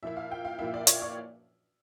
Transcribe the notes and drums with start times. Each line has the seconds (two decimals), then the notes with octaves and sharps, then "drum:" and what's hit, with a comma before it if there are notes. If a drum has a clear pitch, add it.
0.03 A#2 F3 A#3 E4 E5
0.17 F5
0.31 G5
0.45 F5
0.59 A#2 F3 A#3 E4 E5
0.74 D5
0.87 C#5, drum: hi-hat
1.02 D5